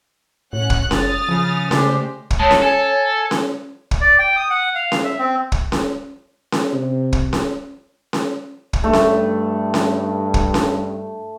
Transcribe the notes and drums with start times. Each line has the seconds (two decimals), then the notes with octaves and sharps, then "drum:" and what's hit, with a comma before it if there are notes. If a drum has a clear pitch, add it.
0.53 A2 C#4 F#5 F#6
0.70 drum: kick
0.91 F#1 D#6 F6 A6, drum: snare C#4
1.29 C#3 F3
1.71 C#3 G#3 A3 D4 G4 C5, drum: snare C#4
2.31 drum: kick
2.40 G#3 A3 C#5 A5
2.51 drum: snare C#4
2.62 A4 G#5
3.31 drum: snare C#4
3.91 drum: kick
4.01 D5
4.19 G5
4.36 D#6
4.50 F#5
4.75 F5
4.92 drum: snare C#4
5.04 E5
5.19 C4
5.52 drum: kick
5.72 drum: snare C#4
6.52 drum: snare C#4
6.72 C3
7.13 drum: kick
7.33 drum: snare C#4
8.13 drum: snare C#4
8.73 drum: kick
8.84 G2 A3
8.93 drum: snare C#4
9.74 drum: snare C#4
10.34 drum: kick
10.54 drum: snare C#4